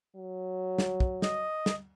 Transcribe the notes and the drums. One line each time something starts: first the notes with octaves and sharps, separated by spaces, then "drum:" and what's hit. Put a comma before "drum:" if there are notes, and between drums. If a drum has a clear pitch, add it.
F#3
drum: snare
drum: kick
D#5, drum: snare
drum: snare